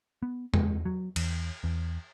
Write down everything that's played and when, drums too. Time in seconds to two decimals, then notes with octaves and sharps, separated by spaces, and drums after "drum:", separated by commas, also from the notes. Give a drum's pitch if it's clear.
0.23 B3
0.54 G#3, drum: tom E2
0.85 F#3
1.16 E2, drum: cymbal
1.64 E2